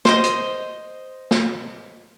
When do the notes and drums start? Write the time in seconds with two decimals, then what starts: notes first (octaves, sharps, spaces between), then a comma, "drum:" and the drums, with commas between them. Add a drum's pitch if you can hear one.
0.05 C5 D#5, drum: snare
0.24 drum: hi-hat
1.31 drum: snare